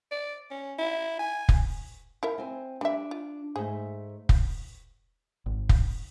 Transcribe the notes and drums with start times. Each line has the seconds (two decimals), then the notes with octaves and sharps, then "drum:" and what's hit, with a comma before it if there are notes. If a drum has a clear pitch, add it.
0.11 D5
0.51 C#4
0.78 E4
1.19 G#5
1.49 drum: kick
2.23 E4 A#4 E5 F5
2.38 C4 G#5
2.81 G3 D4 E5
3.11 F4
3.56 G#2 A3 G#4 E5
4.29 drum: kick
5.46 G#1
5.69 drum: kick